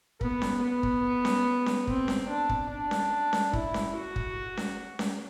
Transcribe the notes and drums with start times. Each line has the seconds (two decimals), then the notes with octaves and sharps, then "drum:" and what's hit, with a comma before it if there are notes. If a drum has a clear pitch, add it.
0.21 B3, drum: kick
0.42 drum: snare C#4
0.62 B3
0.83 drum: kick
1.25 drum: snare C#4
1.66 drum: snare C#4
1.87 C4, drum: kick
2.08 drum: snare C#4
2.29 D4
2.49 drum: kick
2.70 D4
2.91 drum: snare C#4
3.33 drum: snare C#4
3.53 E4, drum: kick
3.74 drum: snare C#4
3.95 F#4
4.16 drum: kick
4.57 drum: snare C#4
4.99 drum: snare C#4